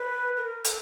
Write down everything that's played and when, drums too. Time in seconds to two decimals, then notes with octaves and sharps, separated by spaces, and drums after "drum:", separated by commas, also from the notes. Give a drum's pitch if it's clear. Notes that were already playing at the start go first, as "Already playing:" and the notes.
Already playing: B4
0.37 A#4
0.64 A4, drum: hi-hat